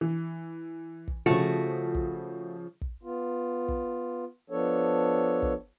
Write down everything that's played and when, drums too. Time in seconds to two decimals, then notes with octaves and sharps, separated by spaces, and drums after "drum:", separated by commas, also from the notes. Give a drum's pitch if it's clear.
0.01 E3
1.08 drum: kick
1.26 C#3 F3 A3 F#4
1.95 drum: kick
2.81 drum: kick
3.03 B3 F4
3.68 drum: kick
4.50 F3 B3 D4 A4 C#5
5.42 drum: kick